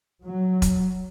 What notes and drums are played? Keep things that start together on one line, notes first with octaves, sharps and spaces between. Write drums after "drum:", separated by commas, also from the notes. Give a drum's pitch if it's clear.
F#3
drum: kick E1, hi-hat